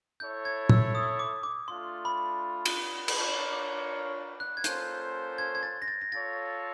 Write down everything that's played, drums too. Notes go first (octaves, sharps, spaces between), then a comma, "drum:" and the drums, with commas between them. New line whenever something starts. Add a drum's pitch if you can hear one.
E4 A4 C#5 G6
G#6
E6, drum: tom
D#6
D6
D6
A3 D4 F4 C6
B5
drum: cymbal
B5, drum: cymbal
D4 F4 A#4 C#5 C6
D6
F#6
G#6
A#3 C#4 F4 A4 C5 G6, drum: hi-hat
G#6
G#6
A6
A#6
A6
A#6
F4 A4 C#5 A6